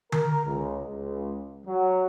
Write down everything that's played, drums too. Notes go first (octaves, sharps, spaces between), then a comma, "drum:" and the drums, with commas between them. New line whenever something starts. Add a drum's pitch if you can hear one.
A#4, drum: tom D3
C#2
C#2
F#3